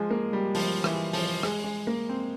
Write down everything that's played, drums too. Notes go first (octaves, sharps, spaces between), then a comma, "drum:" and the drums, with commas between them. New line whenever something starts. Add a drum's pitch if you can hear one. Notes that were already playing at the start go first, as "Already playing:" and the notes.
Already playing: F3 G#3
A#3
G3
F3, drum: open hi-hat
E3, drum: rim click
F3, drum: open hi-hat
G#3, drum: rim click
G#3
A#3
C4